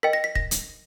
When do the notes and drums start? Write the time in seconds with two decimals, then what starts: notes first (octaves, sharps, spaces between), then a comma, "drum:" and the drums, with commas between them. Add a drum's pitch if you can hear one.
0.03 A#4 D#5 G5 B6
0.13 A#6
0.24 B6
0.35 A#6, drum: kick
0.51 drum: hi-hat